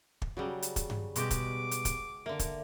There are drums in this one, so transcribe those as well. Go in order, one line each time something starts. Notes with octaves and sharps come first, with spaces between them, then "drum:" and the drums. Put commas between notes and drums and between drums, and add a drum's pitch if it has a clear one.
drum: kick
C#3 F#3 G3 F#4
drum: hi-hat
drum: kick, hi-hat
drum: tom G2
B2 G3 G#3 F#4 G4 D6, drum: hi-hat
drum: kick, hi-hat
drum: hi-hat
drum: kick, hi-hat
D3 A#3 E5
drum: kick, hi-hat